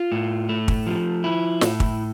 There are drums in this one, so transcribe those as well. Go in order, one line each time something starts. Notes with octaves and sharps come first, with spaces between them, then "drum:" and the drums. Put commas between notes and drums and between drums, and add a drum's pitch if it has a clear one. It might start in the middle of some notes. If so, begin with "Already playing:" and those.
Already playing: F4
A2
A3
drum: kick
F3
E4
A2, drum: snare
drum: kick